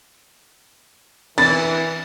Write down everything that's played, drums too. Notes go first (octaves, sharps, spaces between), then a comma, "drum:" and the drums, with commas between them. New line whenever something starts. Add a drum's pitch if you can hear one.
E3 A6, drum: cymbal